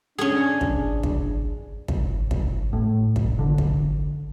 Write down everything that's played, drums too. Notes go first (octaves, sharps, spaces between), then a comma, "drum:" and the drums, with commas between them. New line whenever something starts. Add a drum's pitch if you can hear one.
C#4 D4 G#4
drum: kick
drum: kick
drum: kick
drum: kick
A2
drum: kick
D3
drum: kick